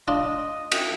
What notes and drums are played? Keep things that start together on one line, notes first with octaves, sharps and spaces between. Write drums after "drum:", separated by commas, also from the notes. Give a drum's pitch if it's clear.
D4 F4 D#5
drum: cymbal